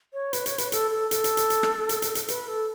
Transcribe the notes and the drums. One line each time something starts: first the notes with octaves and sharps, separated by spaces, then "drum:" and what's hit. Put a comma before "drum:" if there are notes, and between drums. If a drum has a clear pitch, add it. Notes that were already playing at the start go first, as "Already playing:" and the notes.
C#5
B4, drum: hi-hat
C#5, drum: hi-hat
B4, drum: hi-hat
A4, drum: hi-hat
A4
A4, drum: hi-hat
drum: hi-hat
drum: hi-hat
drum: hi-hat
drum: rim click
drum: hi-hat
drum: hi-hat
drum: hi-hat
B4, drum: hi-hat
A4